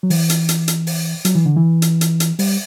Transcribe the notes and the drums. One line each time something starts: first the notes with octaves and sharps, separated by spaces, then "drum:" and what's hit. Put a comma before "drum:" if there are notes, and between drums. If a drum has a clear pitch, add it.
F#3
E3, drum: open hi-hat
drum: hi-hat
drum: hi-hat
drum: hi-hat
drum: open hi-hat
F#3, drum: hi-hat
E3
D3
E3
drum: hi-hat
drum: hi-hat
drum: hi-hat
G3, drum: open hi-hat